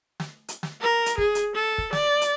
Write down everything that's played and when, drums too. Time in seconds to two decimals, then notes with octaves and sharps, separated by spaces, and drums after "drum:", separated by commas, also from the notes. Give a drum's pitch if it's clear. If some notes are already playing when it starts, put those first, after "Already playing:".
0.20 drum: snare
0.48 drum: hi-hat
0.63 drum: snare
0.81 A#4
1.06 drum: hi-hat
1.18 G#4, drum: kick
1.35 drum: hi-hat
1.55 A4
1.78 drum: kick
1.93 D5, drum: snare
2.21 drum: hi-hat